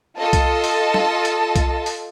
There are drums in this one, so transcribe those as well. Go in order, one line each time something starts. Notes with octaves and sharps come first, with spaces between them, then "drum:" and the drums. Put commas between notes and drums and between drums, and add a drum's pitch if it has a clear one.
F4 A4 D#5 A5
drum: kick C2, hi-hat
drum: open hi-hat
drum: snare
drum: hi-hat
drum: kick C2, hi-hat
drum: open hi-hat